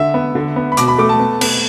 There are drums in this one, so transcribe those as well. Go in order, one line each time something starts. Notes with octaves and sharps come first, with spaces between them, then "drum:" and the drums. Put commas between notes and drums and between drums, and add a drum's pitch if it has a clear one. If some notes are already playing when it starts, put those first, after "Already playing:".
Already playing: D3 E5
B3
D3
B3
B5
B2 D6, drum: hi-hat
B5
A3 D6
A5
B3
B3, drum: cymbal